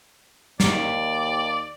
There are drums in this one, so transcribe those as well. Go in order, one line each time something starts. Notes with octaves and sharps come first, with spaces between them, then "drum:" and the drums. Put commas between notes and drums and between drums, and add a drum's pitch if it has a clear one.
D#2 D5, drum: snare